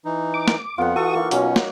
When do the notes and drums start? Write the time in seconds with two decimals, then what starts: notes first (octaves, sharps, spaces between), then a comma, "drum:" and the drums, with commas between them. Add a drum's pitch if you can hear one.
0.05 E3 D#4
0.34 D6
0.48 drum: snare
0.78 F2 B3 F4 F#5
0.96 E3 F#4 A4 C#6 D#6
1.16 A#3 D#4 F4 D#5
1.31 B2 F#3 C#4, drum: hi-hat
1.56 drum: snare